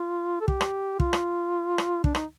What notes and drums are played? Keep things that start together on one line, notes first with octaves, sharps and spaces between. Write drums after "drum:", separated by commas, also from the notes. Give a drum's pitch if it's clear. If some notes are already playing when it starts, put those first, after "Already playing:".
Already playing: F4
A4
G4, drum: kick
drum: rim click
F4, drum: kick
drum: rim click
drum: rim click
D4, drum: kick
D#4, drum: rim click